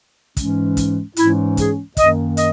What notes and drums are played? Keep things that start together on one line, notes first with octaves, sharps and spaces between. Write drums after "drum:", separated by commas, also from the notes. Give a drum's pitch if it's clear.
G#2 E3 G#3 C#4, drum: kick, hi-hat
drum: kick, hi-hat
G#2 E3 G#3 C#4 E4, drum: hi-hat
G#4, drum: kick, hi-hat
F#2 D#3 A#3 D#5, drum: kick, hi-hat
D#5, drum: hi-hat